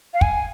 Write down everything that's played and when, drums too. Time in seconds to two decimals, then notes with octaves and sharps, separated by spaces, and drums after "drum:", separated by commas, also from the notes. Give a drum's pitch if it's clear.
0.14 F5
0.21 G#5, drum: kick